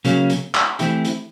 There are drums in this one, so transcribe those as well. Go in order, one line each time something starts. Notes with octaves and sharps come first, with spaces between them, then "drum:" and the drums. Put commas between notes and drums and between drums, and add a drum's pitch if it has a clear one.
C#3 F#3 A#3 C#4, drum: hi-hat
drum: hi-hat
drum: clap
E3 A3 C4 E4 G4, drum: hi-hat
drum: hi-hat